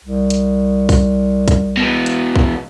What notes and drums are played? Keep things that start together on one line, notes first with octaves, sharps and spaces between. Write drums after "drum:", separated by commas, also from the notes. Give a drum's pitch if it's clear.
C2
drum: hi-hat
drum: kick A#1, open hi-hat
drum: kick A#1, hi-hat
B2 E3
drum: hi-hat
drum: kick A#1